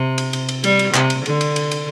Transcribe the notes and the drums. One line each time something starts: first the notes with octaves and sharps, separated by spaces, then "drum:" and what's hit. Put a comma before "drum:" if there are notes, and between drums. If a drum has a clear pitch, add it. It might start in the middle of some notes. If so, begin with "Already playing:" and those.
Already playing: C3
drum: cymbal
drum: cymbal
drum: cymbal
G3, drum: cymbal
drum: cymbal
C3, drum: clap
drum: cymbal
D3, drum: cymbal
drum: cymbal
drum: cymbal
drum: cymbal